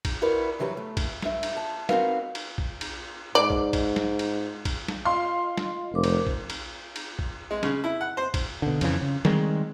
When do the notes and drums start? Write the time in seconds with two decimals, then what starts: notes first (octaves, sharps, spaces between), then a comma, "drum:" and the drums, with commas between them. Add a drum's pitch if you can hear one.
0.05 drum: kick A#1, cymbal
0.22 E4 F#4 A#4 B4 D5
0.59 G2 E3 F#3 G4 B4
0.77 A3
0.97 drum: kick A#1, cymbal
1.22 G2 E5, drum: snare
1.43 drum: cymbal
1.57 A5
1.89 C4 D#4 F#4 A#4 B4 F5, drum: snare
2.35 drum: cymbal
2.58 drum: kick A#1
2.81 drum: cymbal
3.35 G#2 D5
3.50 drum: kick A#1
3.73 drum: kick A#1, cymbal
3.96 drum: snare
4.19 drum: cymbal
4.65 drum: kick A#1, cymbal
4.88 drum: snare
5.05 F4 D#5 F5 C6
5.57 drum: snare
5.93 F1 A#4 C5 D6
6.04 drum: cymbal
6.27 drum: kick A#1
6.50 drum: cymbal
6.96 drum: cymbal
7.19 drum: kick A#1
7.51 G#3
7.63 C#3, drum: snare
7.84 E4
8.01 F#5
8.17 C5
8.34 drum: kick A#1, cymbal
8.62 B2 D3
8.81 F2 C#3 E3, drum: cymbal
9.01 C#3
9.25 D#3 G3 G#3 C4, drum: snare